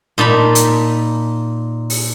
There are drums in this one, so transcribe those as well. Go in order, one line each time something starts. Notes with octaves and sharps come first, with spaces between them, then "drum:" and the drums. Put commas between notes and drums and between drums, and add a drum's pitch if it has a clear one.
A#2 D#4 A5 B5
drum: hi-hat
drum: open hi-hat